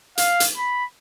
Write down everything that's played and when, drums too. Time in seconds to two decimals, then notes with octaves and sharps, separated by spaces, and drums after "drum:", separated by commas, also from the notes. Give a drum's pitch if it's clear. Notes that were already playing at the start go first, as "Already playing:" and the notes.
0.18 F5, drum: hi-hat
0.40 drum: hi-hat
0.58 B5